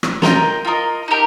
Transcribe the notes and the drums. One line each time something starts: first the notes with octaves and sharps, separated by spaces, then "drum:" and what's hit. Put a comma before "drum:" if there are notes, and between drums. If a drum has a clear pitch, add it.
drum: rim click
F4 A#4 D#5 G5, drum: snare
F4 A#4 D#5
D#4 G4 A#4